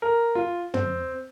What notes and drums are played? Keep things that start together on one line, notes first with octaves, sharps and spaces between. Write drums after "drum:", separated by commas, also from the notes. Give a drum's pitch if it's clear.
A#4
F4
C4, drum: tom